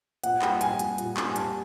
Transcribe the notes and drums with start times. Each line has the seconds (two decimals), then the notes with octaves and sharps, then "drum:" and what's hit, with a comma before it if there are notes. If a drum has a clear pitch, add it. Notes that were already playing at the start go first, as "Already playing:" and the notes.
0.24 A#2 F#5, drum: hi-hat
0.42 G3 G5, drum: clap
0.61 A#2 G#5, drum: hi-hat
0.79 G3, drum: hi-hat
0.98 A#2, drum: hi-hat
1.17 G3, drum: clap
1.30 G#5
1.36 A#2 A5, drum: hi-hat